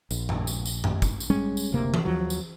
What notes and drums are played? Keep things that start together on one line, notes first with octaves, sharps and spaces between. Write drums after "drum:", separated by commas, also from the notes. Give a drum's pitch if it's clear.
A#1, drum: tambourine
drum: tom F#2
drum: tambourine
drum: tambourine
drum: tom F#2
drum: kick, tambourine
drum: tambourine
G3 G#3 C#4
drum: tambourine
F#1 D2 C3 A#3
drum: tom E3
D#2 F3 F#3
drum: tambourine